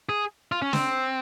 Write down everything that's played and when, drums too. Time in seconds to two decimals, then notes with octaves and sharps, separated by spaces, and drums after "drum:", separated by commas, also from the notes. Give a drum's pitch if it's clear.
0.09 G#4
0.52 F4
0.62 C#4
0.73 C4, drum: snare